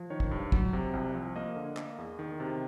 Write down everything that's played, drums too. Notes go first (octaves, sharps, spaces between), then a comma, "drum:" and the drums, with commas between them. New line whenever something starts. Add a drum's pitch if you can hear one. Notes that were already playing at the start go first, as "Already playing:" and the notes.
Already playing: F3
D#3 C#5
drum: kick
G2
F#3, drum: kick
C3
C2
F3
A#3 D#5
D3
A#3, drum: clap
E2
D#3
C3